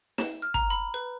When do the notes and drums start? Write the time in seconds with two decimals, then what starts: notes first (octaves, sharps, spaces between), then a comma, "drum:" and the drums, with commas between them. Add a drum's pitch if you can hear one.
0.18 E7, drum: snare
0.42 F6
0.54 A#5, drum: kick
0.70 B5
0.94 B4